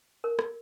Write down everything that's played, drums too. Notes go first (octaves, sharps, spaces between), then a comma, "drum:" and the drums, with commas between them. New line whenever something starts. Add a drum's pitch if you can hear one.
A#4
drum: rim click